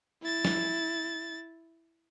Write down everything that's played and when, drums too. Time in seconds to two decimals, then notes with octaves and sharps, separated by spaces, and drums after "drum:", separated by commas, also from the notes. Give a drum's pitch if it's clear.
0.22 E4 A6
0.45 drum: snare